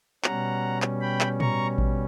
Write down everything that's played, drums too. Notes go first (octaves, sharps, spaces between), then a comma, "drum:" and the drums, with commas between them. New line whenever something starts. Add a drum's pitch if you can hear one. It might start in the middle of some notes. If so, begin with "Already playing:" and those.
B2 G3 C#4 F#5 A#5, drum: clap
drum: clap
G5 B5
drum: clap
A#5 C#6, drum: tom
drum: kick A1